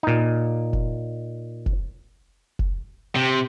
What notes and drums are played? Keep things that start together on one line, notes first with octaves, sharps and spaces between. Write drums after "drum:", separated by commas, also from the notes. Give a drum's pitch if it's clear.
A#2 D#4
drum: kick F1
drum: kick F1
drum: kick F1
C3